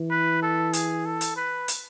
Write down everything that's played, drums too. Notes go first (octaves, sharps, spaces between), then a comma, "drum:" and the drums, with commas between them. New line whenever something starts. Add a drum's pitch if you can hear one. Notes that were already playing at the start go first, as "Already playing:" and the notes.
Already playing: E3
B4
A4
G#4, drum: hi-hat
A4
drum: hi-hat
B4
drum: hi-hat